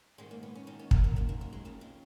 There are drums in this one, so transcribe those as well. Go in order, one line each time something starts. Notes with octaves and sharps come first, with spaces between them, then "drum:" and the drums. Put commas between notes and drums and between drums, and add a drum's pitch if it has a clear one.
G#2 D#3 G#3
A#3
B3
C#4
G#2 D#3 D#4
C#4
A#3, drum: kick
A#3
F#2 D#3 A#3
A#3
A#3
G#3
F2 C#3 A#3
G#3